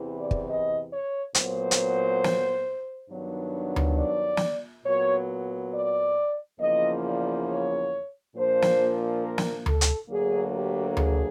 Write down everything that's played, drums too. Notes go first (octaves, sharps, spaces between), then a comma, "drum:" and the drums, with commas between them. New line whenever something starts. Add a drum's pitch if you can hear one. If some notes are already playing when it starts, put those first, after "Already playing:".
Already playing: E2 C3 E3
D5
drum: kick
D#5
C#5
A#2 F#3 B3 C5, drum: hi-hat
drum: hi-hat
drum: snare
G2 D#3 F#3 B3 D4
drum: tom D2
D5
drum: snare
A#2 F#3 B3 C#5
D5
E2 C#3 F3 A#3 D#5
D5
C#5
A#2 F3 A#3 D4 C5
drum: snare
A#4
drum: snare
A4, drum: tom D2
drum: hi-hat
D2 D3 F#3 A#3 G#4
G4
G#4, drum: tom D2